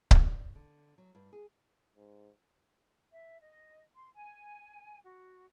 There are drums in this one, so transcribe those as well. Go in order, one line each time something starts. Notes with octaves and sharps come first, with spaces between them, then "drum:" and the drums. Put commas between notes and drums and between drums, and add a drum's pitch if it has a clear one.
D5, drum: kick C#1
D3
F#3
G2
G#4
G#2
E5
D#5
C6
G#5
F#4